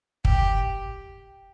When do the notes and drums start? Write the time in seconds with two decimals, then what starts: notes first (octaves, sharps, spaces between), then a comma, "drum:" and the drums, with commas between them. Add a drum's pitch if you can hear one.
0.25 G4, drum: kick